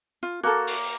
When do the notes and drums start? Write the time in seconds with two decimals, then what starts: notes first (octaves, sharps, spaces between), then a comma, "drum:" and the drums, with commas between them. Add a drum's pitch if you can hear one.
0.23 F4
0.43 A#3 F#4 A4
0.67 drum: open hi-hat